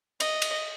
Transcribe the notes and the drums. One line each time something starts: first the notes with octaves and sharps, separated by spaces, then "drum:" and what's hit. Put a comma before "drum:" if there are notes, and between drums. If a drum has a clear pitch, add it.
D#5, drum: cymbal
drum: cymbal